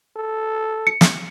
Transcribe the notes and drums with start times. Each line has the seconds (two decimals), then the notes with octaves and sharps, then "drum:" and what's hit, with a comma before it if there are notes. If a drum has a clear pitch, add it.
0.16 A4
0.87 C#7
1.01 drum: snare